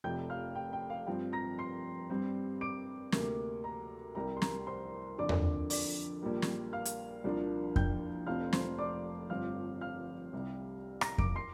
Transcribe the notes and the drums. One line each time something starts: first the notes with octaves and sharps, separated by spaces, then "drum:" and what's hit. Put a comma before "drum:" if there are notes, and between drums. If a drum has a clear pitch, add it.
F1 F2 C3 G5 G6
F5 F6
G5
G5
F5
G2 F3 C4 G5
A#5 A#6
C6 C7
G2 G3 C4
D6 D7
D2 C3 A#3, drum: snare
A#4 A#5
C2 C3 G3 A#4 A#5
C6
A#4 A#5, drum: snare
C5 C6
F2 D3 F3 A#3 D4 D5 D6
drum: tom E2
D5 D6, drum: open hi-hat
A#1 A#2 G3 A#3
drum: snare
F5 F6
drum: hi-hat
C2 A#2 F3 A#3 D4
G5 G6, drum: kick F2
F1 F2 F3 C4 F5 F6
C5 C6, drum: snare
D5 D6
G1 G2 F3 C4 F5 F6
F5 F6
C2 C3 G3
A#5 A#6, drum: rim click
D6 D7, drum: kick F2
C6 C7